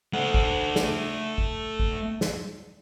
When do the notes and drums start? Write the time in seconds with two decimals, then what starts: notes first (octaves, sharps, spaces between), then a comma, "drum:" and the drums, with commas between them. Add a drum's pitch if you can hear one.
0.14 A3 F#5
0.34 drum: kick
0.76 drum: snare
1.38 drum: kick
1.80 drum: kick
2.21 drum: snare